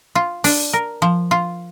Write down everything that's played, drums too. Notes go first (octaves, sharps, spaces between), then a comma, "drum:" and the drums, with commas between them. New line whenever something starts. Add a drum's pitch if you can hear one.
F4
D4, drum: open hi-hat
A#4
F3
F4